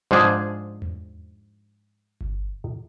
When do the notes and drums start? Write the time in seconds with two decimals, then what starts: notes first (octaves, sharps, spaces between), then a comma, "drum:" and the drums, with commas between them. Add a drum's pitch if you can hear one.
0.11 G#2 F3 D4 G#4 C5
0.82 drum: tom E2
2.21 drum: kick G1